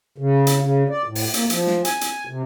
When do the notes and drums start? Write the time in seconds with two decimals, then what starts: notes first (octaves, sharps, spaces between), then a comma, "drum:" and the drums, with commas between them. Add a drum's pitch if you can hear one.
0.18 C#3
0.47 drum: hi-hat
0.60 C#3
0.89 D5
1.05 A2
1.15 drum: open hi-hat
1.34 A#3, drum: hi-hat
1.50 F3, drum: hi-hat
1.67 drum: snare
1.85 G#5, drum: hi-hat
2.01 drum: hi-hat
2.27 C3